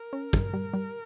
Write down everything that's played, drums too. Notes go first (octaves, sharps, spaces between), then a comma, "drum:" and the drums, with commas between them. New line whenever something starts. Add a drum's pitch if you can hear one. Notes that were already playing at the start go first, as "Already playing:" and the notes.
Already playing: A#4
C#4
G2, drum: kick
G3
G3